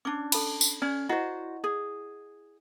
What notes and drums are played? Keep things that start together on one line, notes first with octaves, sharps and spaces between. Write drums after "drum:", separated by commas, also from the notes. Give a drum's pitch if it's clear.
C#4 D4 D6
A4 A5 B5, drum: cymbal
drum: tambourine
C#4 D5
E4 F#4 C5 D#5 F#5
G#4